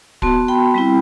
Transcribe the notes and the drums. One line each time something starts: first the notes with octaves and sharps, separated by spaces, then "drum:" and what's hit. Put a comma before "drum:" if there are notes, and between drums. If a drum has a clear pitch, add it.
B3 F#4 A5 C6, drum: kick
G5 B5
G3 C4 E4